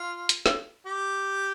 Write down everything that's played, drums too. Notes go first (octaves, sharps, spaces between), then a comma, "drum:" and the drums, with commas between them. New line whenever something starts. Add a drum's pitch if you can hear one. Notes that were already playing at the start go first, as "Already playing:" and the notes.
Already playing: F4
drum: hi-hat
drum: snare
G4